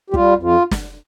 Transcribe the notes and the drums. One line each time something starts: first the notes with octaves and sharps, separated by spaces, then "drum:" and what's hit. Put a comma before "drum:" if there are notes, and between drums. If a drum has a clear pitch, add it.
G4
G3 F4, drum: kick
F2
F4
drum: snare